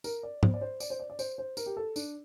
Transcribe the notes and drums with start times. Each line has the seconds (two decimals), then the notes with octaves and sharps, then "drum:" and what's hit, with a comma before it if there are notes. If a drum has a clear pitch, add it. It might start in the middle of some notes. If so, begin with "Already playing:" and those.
0.04 A#4, drum: tambourine
0.23 D5
0.43 C5, drum: tom
0.54 D5
0.61 C5
0.80 D5, drum: tambourine
0.90 C5
1.00 D5
1.10 D5
1.19 C5, drum: tambourine
1.38 C5
1.57 A#4, drum: tambourine
1.66 G4
1.77 A4
1.96 D4, drum: tambourine